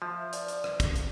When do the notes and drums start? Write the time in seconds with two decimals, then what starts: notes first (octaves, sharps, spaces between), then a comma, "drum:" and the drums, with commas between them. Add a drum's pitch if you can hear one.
0.02 F3 E5
0.33 D5, drum: hi-hat
0.48 drum: hi-hat
0.64 drum: rim click
0.80 drum: kick, hi-hat
0.96 drum: hi-hat